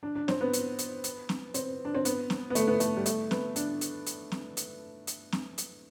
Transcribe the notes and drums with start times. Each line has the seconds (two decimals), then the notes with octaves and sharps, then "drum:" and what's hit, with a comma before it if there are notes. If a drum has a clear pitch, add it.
0.03 D4
0.15 D4
0.28 C4, drum: snare
0.41 B3
0.53 drum: hi-hat
0.79 drum: hi-hat
1.04 drum: hi-hat
1.29 drum: snare
1.54 C4, drum: hi-hat
1.85 D4
1.95 C4
2.05 B3, drum: hi-hat
2.30 drum: snare
2.50 B3
2.55 A3, drum: hi-hat
2.68 B3
2.80 A3, drum: hi-hat
2.97 G3
3.06 A3, drum: hi-hat
3.31 B3, drum: snare
3.56 D4, drum: hi-hat
3.81 drum: hi-hat
4.06 drum: hi-hat
4.32 drum: snare
4.57 drum: hi-hat
5.07 drum: hi-hat
5.32 drum: snare
5.58 drum: hi-hat